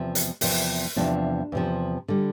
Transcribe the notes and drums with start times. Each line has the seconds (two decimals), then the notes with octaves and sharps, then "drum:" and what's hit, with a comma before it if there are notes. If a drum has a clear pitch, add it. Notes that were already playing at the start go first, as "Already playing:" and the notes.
Already playing: E2 C3 F3
0.15 drum: hi-hat
0.41 E2 C3 F3, drum: open hi-hat
0.96 E2 C3 F3 D4
1.52 E2 C3 F3
2.08 D3 G3